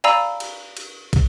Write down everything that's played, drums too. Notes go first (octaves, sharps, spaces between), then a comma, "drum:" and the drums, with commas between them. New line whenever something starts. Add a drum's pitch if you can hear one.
D5 F5 G#5 A#5 B5 E6, drum: cymbal
drum: cymbal
drum: cymbal
drum: kick, cymbal